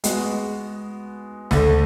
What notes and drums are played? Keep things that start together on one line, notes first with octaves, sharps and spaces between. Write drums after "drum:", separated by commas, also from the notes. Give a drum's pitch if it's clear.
G#3 B3 F#4, drum: hi-hat
D2 D3 A3, drum: snare